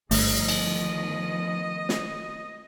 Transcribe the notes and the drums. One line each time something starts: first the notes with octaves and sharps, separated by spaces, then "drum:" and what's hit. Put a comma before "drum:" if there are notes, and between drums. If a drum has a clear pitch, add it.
G1 D#3 F3 A3 B3 D#5, drum: open hi-hat
drum: cymbal
drum: snare